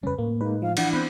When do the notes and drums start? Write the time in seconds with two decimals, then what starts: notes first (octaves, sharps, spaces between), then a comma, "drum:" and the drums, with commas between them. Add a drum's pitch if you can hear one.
0.03 F2 C#3 G3 C#4 B4
0.18 A2 A#3
0.41 G#3 A#3 D#4 B4
0.62 F3 F5
0.77 E3 D4 E4 F#5, drum: cymbal
0.93 B3 C4 B5 F#6 G6